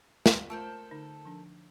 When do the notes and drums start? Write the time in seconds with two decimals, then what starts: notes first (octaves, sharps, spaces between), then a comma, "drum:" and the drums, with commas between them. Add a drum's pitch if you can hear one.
0.26 drum: snare
0.50 A3 F4 A4 A#4 C5
0.91 D3 D#4
1.25 F3 D4